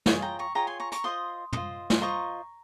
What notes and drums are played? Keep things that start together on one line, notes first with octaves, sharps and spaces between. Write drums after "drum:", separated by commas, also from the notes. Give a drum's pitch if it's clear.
F4 G#4 C#5 F5 G#5, drum: snare
G5 A#5
A#5 C#6
F4 G#4 C#5 G5 A#5
G#5 C6
A#5 C#6
A#5 C#6, drum: hi-hat
F4 C5 D#5 C6 D#6
F4 C5 D#5, drum: tom
C6, drum: snare
F4 C5 D#5 A#5 C#6